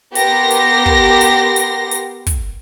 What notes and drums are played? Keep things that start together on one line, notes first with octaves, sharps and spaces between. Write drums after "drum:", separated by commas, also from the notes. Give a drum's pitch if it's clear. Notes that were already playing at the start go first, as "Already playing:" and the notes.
B3 G4 A#4 C6 A#6, drum: hi-hat
drum: hi-hat
drum: kick
drum: hi-hat
drum: hi-hat
drum: hi-hat
drum: kick, hi-hat